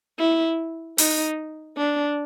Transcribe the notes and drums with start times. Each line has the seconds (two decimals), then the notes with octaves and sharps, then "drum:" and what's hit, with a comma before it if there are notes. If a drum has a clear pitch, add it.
0.19 E4
0.98 D#4, drum: open hi-hat
1.78 D4